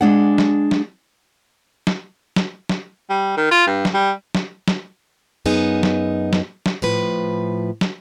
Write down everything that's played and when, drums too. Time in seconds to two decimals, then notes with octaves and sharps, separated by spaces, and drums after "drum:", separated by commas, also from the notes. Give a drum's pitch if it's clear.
0.01 G#3 D4 F#5
0.38 drum: snare
0.71 drum: snare
1.87 drum: snare
2.36 drum: snare
2.69 drum: snare
3.10 G3
3.37 D#3
3.51 F4
3.67 G2
3.85 drum: snare
3.94 G3
4.35 drum: snare
4.68 drum: snare
5.46 F#2 B3 D#4 G#4
5.83 drum: snare
6.33 drum: snare
6.66 drum: snare
6.82 A2 F3 B4
7.81 drum: snare